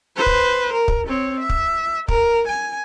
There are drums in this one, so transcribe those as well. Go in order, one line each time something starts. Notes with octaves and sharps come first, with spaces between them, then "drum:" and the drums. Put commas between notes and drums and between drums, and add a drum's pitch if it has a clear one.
B4 C5
drum: kick
A#4
drum: kick
C4 C#5
E5
drum: kick
A#4, drum: kick
G#5